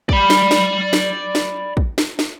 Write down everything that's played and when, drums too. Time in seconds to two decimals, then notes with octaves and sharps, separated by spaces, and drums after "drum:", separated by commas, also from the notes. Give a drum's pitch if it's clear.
0.09 D5 B5, drum: kick
0.30 drum: snare
0.51 drum: snare
0.93 drum: snare
1.35 drum: snare
1.77 drum: kick
1.98 drum: snare
2.19 drum: snare